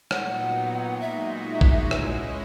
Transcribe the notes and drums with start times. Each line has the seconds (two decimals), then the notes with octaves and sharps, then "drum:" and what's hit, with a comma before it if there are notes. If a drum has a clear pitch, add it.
0.11 A#2 F#3 B3 D#4 F#5, drum: rim click
1.01 A#2 G#3 D#4 F#4 E5
1.61 drum: kick A1
1.91 G#3 C#4 E4 G#4 D#5, drum: rim click